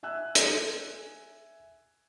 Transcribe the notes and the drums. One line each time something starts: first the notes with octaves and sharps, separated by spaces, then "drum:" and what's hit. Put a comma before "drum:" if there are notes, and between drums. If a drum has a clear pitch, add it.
E5 G#5 E6 F#6
drum: hi-hat